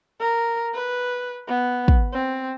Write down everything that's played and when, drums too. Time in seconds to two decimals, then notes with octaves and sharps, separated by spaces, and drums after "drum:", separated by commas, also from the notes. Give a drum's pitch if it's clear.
0.20 A#4
0.74 B4
1.48 B3
1.88 drum: kick
2.13 C4